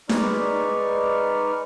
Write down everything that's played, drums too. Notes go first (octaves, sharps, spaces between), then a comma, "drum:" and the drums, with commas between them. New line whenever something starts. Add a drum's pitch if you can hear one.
G#3 D#4 B4 D5 C#6 F6, drum: snare D#4